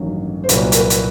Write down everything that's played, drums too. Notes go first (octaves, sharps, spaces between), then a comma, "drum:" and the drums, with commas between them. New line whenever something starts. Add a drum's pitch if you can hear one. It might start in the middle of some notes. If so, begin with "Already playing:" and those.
Already playing: A1 G2 D#3 F#3
C5
C2 A#2 F#3 B4, drum: hi-hat
A#4, drum: hi-hat
B4
drum: hi-hat